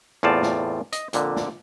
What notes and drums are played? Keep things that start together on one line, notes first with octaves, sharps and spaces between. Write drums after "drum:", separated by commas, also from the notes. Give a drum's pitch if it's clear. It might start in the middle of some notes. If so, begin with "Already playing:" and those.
E2 A2 C4 F4 D5 A5
drum: snare
D#5, drum: hi-hat
F2 A#2 D3, drum: hi-hat
drum: snare